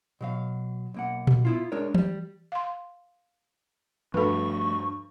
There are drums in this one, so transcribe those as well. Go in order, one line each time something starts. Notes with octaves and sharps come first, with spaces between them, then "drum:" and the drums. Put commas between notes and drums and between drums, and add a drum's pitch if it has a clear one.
B2 F#3 F5
B1 A#3 F#5
drum: tom A#2
B3 E4 F4
G#3 D4 A#4 C#5
G3, drum: tom E3
F5 C6
G2 F3 A3 F#4 A4 B4 B5 C#6